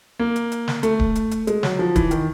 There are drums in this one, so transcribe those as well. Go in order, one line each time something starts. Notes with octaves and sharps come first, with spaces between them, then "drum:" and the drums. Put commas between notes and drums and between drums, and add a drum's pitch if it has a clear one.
A#3
drum: hi-hat
drum: hi-hat
drum: snare
A3, drum: hi-hat
drum: kick D1
drum: hi-hat
drum: hi-hat
G#3, drum: hi-hat
F#3, drum: snare
F3
E3, drum: kick D1, hi-hat
D#3, drum: hi-hat